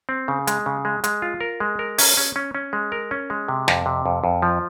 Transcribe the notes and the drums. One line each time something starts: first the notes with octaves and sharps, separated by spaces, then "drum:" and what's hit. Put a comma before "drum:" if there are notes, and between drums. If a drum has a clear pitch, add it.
C4
C#3
G#3, drum: hi-hat
C#3
G#3
G#3, drum: hi-hat
F4
A#4
G#3
A#4
C#4, drum: open hi-hat
C#4
C#4
C#4
G#3
A#4
C#4
G#3
C3
F2, drum: snare
C3
F2
F2
F3